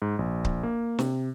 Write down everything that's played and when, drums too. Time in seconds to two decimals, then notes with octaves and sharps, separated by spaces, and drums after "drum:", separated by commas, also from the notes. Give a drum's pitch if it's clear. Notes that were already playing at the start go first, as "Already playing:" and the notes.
0.02 G#2
0.19 A#1
0.45 drum: kick C#1
0.63 A#3
0.99 C3, drum: snare